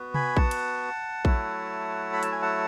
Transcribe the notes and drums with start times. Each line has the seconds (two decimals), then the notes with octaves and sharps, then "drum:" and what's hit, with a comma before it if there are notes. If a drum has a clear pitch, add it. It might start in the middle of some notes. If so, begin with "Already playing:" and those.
Already playing: B3 F#4
0.14 G#5 B5, drum: tom C3
0.37 F#5 A5, drum: kick A#1
0.51 drum: cymbal
1.25 F#3 A3 E4, drum: kick A#1
2.13 B5
2.23 A5, drum: hi-hat
2.32 G#5
2.42 F#5 A5